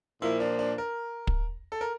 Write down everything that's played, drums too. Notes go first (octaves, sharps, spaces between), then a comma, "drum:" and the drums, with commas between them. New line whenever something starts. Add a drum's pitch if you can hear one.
A#2 F3 A#3 E4
D4
D4
A#4
drum: kick
A4
A#4